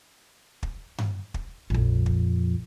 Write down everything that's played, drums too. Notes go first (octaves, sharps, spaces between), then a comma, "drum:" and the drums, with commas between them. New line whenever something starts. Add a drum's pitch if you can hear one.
drum: kick
drum: tom G2
drum: kick
A#1 F2
drum: kick